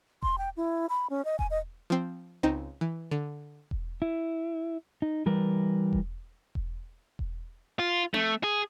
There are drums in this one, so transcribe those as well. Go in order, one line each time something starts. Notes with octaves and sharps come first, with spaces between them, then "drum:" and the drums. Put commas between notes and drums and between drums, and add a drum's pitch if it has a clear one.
C6, drum: kick E1
G5
E4
B5
C#4
D#5
G#5, drum: kick E1
D#5
F3 C4
C#2 C4 D#4
E3
D3
drum: kick E1
E4
D#4
E3 G3 A#4 B4
drum: kick E1
drum: kick E1
drum: kick E1
F4
A3, drum: tom C4
G#4